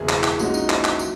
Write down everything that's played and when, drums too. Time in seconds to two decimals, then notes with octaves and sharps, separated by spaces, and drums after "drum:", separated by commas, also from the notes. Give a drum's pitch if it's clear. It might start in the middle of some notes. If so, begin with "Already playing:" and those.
Already playing: F#1 E2 B2 A#3 G#4 E5
0.09 E4, drum: clap
0.23 E4, drum: clap
0.39 A#1 A#2 G#3 C#4 F#4, drum: tambourine
0.54 D#4, drum: tambourine
0.69 E4, drum: clap
0.84 drum: clap
0.99 F#3, drum: tambourine